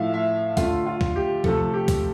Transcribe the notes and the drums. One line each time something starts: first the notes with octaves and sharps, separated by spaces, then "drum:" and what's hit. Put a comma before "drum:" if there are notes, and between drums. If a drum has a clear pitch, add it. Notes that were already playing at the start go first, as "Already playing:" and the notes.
Already playing: A2 F3 A3 E5 F5
E5
D3 A3 F4, drum: kick C2, hi-hat
F4
drum: kick C2
G4
C3 F3 A3 A4, drum: kick C2
G4
drum: kick C2, hi-hat